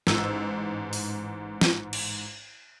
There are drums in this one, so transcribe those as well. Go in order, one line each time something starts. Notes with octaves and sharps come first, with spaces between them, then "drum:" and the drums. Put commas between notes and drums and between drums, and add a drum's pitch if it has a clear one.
A1 G#2 E6, drum: snare
drum: open hi-hat
drum: snare
drum: cymbal